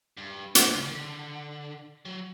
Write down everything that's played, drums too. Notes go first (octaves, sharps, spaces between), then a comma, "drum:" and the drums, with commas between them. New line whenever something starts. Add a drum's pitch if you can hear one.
G2
G#2, drum: hi-hat
C#3
D#3
D3
F#3